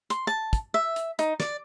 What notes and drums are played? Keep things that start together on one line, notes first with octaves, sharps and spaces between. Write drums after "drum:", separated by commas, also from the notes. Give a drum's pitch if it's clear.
C6, drum: hi-hat
A5
drum: kick, hi-hat
E5
drum: hi-hat
D#4, drum: hi-hat
D5, drum: snare